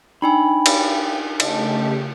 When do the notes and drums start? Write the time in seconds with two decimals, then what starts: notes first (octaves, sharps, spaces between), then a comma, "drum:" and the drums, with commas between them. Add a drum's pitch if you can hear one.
0.22 D4 D#4 G5 G#5 B5
0.66 drum: cymbal
1.40 C#3 A3 G4 D#5 A5, drum: cymbal